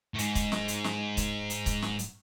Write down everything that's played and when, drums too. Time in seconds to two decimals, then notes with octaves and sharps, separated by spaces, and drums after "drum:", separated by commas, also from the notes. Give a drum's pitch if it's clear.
0.14 A2
0.19 G#2, drum: hi-hat
0.35 drum: kick, hi-hat
0.52 drum: snare
0.68 drum: hi-hat
0.84 drum: snare
1.17 drum: kick, hi-hat
1.50 drum: hi-hat
1.66 drum: kick, hi-hat
1.82 drum: snare
1.99 drum: hi-hat